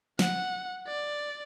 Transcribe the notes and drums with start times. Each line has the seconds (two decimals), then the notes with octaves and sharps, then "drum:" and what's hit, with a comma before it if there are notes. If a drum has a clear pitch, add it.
0.19 F#5, drum: snare
0.87 D5